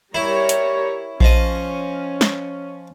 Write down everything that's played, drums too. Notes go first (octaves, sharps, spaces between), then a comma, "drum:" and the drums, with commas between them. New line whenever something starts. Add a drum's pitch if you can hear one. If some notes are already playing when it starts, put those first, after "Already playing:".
G3 E4 A#4 C#5
drum: hi-hat
F3 C#4 D#5, drum: kick A#1
drum: snare